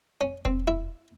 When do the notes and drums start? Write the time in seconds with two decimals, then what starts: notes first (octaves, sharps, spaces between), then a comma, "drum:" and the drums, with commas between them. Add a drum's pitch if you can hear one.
0.21 C#4
0.45 C4, drum: kick E1
0.68 E4